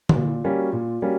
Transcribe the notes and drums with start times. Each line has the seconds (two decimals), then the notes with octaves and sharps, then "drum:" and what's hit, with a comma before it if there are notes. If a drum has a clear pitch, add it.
0.09 G4, drum: tom
0.15 A#2 F#4
0.25 E4
0.34 F4
0.44 G3 A#3 C#4
0.54 F#4
0.72 A#2 F4
1.01 G3 A#3 C#4 F#4